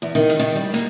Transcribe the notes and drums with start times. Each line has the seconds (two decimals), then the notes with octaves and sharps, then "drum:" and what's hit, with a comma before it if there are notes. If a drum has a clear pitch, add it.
0.02 E2
0.15 D#3
0.30 drum: hi-hat
0.39 D#3
0.56 G3
0.74 A#3, drum: hi-hat